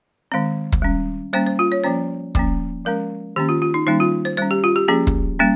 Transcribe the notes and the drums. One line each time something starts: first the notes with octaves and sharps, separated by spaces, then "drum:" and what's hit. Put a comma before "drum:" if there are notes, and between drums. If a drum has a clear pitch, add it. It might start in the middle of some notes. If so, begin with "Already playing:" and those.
D#3 G#3 C4
drum: kick
G3 C#4
G3 A#3 C#4 C5
C5
F4
C#5
F3 A#3 C#4 C5
F3 A#3 C#4, drum: kick
F3 G#3 C#4 A#4
D#3 A#3 C#4 G4
F4
F4
D#4
D#3 G3 A#3 C#4 D#4
F4
C5
G3 C#4 C5
G4
F4
G4
F3 A#3 C#4 G#4
drum: kick
G3 A#3 C#4